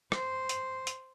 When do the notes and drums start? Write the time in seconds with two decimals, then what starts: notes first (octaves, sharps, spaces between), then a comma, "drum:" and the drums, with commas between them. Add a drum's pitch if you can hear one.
0.12 C5, drum: rim click
0.49 drum: hi-hat
0.87 drum: hi-hat